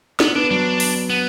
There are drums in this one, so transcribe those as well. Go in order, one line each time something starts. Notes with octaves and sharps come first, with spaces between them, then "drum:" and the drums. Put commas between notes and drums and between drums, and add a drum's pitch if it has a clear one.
B3 D4, drum: snare
B3 D4
F#3 D4
drum: open hi-hat
B3